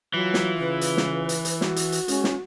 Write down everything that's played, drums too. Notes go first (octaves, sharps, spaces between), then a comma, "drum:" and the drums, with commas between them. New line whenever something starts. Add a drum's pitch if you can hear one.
E3 F#3 F4
drum: snare
C#3 B4
drum: hi-hat
drum: snare
drum: hi-hat
drum: hi-hat
F#4, drum: snare
drum: hi-hat
drum: hi-hat
G#3 C#4, drum: hi-hat
drum: snare